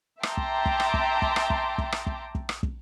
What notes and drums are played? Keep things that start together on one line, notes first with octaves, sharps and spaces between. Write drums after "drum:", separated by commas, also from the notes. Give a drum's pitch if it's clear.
E5 G5 A5 A#5 C6 D6, drum: rim click
drum: kick
drum: kick
drum: rim click
drum: kick
drum: kick
drum: rim click
drum: kick
drum: kick
drum: rim click
drum: kick
drum: kick
drum: rim click
drum: kick